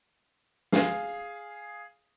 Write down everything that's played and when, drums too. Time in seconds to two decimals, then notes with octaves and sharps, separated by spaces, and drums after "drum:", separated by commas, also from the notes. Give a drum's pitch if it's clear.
0.72 G#4 F5, drum: snare